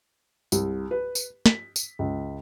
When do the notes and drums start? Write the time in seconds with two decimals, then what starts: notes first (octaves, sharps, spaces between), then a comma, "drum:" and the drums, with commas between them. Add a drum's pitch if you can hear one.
0.52 C2, drum: tambourine
0.91 B4
1.15 drum: tambourine
1.46 B6, drum: snare
1.76 drum: tambourine
1.99 C#2